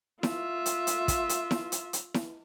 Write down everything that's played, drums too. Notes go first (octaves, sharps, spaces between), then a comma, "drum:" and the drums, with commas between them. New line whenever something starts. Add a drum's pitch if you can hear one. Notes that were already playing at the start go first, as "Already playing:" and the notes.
F4 E5, drum: snare E4
drum: hi-hat
drum: hi-hat
drum: kick, hi-hat
drum: hi-hat
drum: snare E4
drum: hi-hat
drum: hi-hat
drum: snare E4